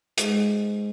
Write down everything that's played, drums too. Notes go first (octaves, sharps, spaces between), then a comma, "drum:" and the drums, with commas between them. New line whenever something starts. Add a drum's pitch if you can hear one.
G#2, drum: hi-hat